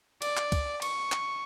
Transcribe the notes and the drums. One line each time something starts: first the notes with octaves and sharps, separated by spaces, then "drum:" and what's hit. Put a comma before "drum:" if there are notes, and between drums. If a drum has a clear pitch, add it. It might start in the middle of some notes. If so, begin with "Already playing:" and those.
D5, drum: cymbal
drum: clap
drum: kick, cymbal
C#6, drum: cymbal
drum: clap